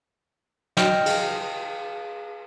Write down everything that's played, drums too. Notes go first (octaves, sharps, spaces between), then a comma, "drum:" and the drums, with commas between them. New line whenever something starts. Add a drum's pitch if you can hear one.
D#5 G5 F6, drum: snare
G#4 F5, drum: cymbal